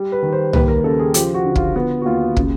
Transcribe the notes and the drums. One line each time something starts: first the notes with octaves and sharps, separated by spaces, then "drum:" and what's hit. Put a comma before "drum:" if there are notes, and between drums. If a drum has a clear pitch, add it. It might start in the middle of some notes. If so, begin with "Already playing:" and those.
Already playing: G3
B4
D#3
C5
D#2 B4, drum: tom
A#4
C#3 A4
G#4
F3 G4, drum: hi-hat
F#4
D3
F4, drum: kick
B3 F4
F#4
D#2 F4
C#3, drum: kick